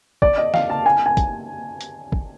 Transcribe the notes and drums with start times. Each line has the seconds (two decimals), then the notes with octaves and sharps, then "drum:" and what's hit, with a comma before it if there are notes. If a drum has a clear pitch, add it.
0.22 D5, drum: kick
0.38 D#5
0.54 F5, drum: snare
0.70 A5
0.86 G#5
1.06 G#5
1.17 drum: kick, hi-hat
1.81 drum: hi-hat
2.12 drum: kick